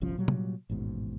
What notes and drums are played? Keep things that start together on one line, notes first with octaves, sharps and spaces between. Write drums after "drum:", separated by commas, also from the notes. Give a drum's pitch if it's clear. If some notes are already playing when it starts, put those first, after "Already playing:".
G1 C2 F3 C#4
A#2 F#3 G3
drum: tom
A1 D#2 G#2 B2